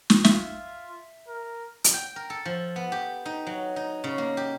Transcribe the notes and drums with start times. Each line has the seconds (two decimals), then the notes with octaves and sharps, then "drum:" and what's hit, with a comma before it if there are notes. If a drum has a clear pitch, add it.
0.10 drum: snare
0.25 F4 E5, drum: snare
1.28 A#4
1.84 drum: hi-hat
1.94 G5
2.16 A#4
2.30 A4
2.45 F3
2.76 B3
2.92 G4
3.25 D#4
3.47 F#3
3.76 D#4
4.04 C#3
4.18 A#3
4.37 G4